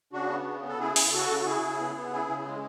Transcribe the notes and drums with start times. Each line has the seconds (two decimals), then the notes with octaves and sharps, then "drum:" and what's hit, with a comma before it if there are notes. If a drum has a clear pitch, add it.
0.13 C#3 D4 F#4
0.29 B3
0.46 C#3
0.62 B3
0.69 A4
0.79 C#3 E4 G#4
0.96 C#3, drum: open hi-hat
1.13 C#3 F#4 A4
1.29 C#3
1.41 F#4
1.45 C#3 E4 G#4
1.62 C#3
1.80 B3
1.96 B3
2.12 C#3 E4 G#4
2.28 C#3
2.45 G#3